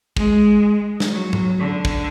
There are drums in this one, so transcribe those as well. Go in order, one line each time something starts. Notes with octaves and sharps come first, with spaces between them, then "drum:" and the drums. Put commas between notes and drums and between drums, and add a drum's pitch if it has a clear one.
G#3, drum: kick
drum: snare
F#3
drum: tom G#2
D3
drum: kick